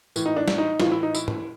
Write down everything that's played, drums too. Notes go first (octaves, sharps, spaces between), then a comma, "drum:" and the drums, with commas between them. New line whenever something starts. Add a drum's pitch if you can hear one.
A2 E3, drum: tambourine
D#4
D4
drum: snare
D#4
A2 E3 F4, drum: snare
E4
D#4
E4, drum: tambourine
drum: tom